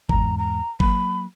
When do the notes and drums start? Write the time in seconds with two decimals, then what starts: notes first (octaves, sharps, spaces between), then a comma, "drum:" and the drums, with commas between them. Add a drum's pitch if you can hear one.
0.09 E2 G#2 A#5, drum: kick G1
0.38 A#5
0.80 F#3 A#3 B5, drum: kick G1